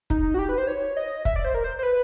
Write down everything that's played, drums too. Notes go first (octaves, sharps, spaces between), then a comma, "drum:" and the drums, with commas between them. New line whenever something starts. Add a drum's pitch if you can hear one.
D#4, drum: kick
F#4
G4
B4
C5
C#5
D#5
E5, drum: kick
D5
C5
A#4
C5
C5
B4